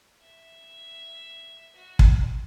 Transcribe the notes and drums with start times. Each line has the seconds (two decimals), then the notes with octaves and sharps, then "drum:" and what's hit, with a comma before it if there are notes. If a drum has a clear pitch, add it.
0.22 E5
1.76 F#4
1.99 drum: kick